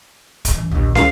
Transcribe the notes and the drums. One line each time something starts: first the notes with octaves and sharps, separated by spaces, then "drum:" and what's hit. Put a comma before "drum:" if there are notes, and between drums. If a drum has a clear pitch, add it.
drum: kick, hi-hat
F#2 E3
A#1 D#2
C#2 F5, drum: snare